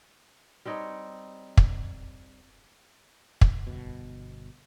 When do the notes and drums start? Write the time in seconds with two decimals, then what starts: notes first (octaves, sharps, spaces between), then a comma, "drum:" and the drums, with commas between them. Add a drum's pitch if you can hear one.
0.65 G3 C4 D#4 C#5
1.57 drum: kick
3.41 drum: kick
3.67 G1 B2